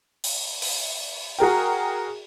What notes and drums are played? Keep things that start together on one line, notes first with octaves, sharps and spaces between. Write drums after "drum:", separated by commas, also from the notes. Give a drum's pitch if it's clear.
drum: open hi-hat
drum: open hi-hat
F#4 G#4 A#4 G5